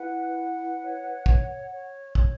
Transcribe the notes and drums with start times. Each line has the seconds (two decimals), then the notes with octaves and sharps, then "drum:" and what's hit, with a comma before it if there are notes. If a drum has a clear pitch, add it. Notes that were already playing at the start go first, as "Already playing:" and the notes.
Already playing: E4 B4 F#5
0.36 B4
0.81 C#5
1.26 C#5, drum: kick
1.71 C#5
2.15 C#5, drum: kick